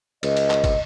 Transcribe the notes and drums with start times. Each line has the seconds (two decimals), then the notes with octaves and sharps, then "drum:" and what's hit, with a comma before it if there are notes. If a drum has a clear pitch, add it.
0.23 C#2 D#5, drum: cymbal
0.37 drum: cymbal
0.50 drum: clap
0.64 drum: kick, cymbal